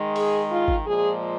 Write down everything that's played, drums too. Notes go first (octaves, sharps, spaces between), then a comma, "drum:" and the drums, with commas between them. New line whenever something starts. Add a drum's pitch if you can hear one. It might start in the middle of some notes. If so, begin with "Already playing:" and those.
Already playing: D#3 G#3
G#4, drum: open hi-hat
F4
drum: kick G#1
A#2 F3 G#3 G#4